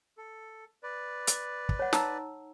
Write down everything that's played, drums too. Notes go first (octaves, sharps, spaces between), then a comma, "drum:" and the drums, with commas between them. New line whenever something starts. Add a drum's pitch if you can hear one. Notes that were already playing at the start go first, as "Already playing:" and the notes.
A4
B4 D5
drum: hi-hat
drum: kick
C#5 F#5
D#4 A#5 E6, drum: snare